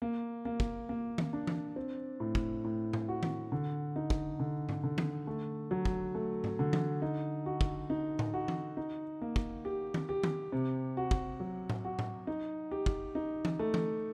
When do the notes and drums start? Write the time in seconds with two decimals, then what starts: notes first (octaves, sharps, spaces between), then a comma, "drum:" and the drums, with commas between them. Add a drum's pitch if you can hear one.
0.02 A#3
0.45 A#3
0.60 drum: kick
0.89 A#3
1.18 drum: tom D#3
1.33 D4
1.47 drum: tom E3
1.76 C4
2.20 A2
2.35 drum: kick
2.64 A2
2.93 drum: tom A2
3.09 F#4
3.23 drum: tom D#3
3.52 D3
3.96 D#4
4.10 drum: kick
4.39 D3
4.69 drum: tom G#2
4.83 D3
4.98 drum: tom D#3
5.27 A3
5.71 F#3
5.85 drum: kick
6.15 A3
6.44 drum: tom G#2
6.59 D3
6.73 drum: tom E3
7.02 D#4
7.46 F#4
7.61 drum: kick
7.90 D#4
8.19 drum: tom A2
8.34 F#4
8.48 drum: tom E3
8.77 D#4
9.21 A#3
9.36 drum: kick
9.65 G4
9.94 drum: tom D#3
10.09 G4
10.23 drum: tom D#3
10.52 C3
10.97 F#4
11.11 drum: kick
11.40 F#3
11.70 drum: tom A2
11.85 F#4
11.99 drum: tom A2
12.27 D#4
12.71 G4
12.86 drum: kick
13.15 D#4
13.45 drum: tom E3
13.59 A3
13.74 drum: tom E3